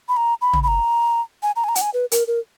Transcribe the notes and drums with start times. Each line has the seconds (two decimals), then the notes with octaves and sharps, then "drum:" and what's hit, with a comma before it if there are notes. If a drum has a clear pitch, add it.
0.08 B5
0.16 A#5
0.41 B5
0.53 drum: tom
0.63 B5
0.67 A#5
1.43 G#5
1.56 A#5
1.64 G#5
1.69 A#5
1.75 F#5, drum: hi-hat
1.81 G#5
1.94 B4
2.12 A#4, drum: hi-hat
2.27 A#4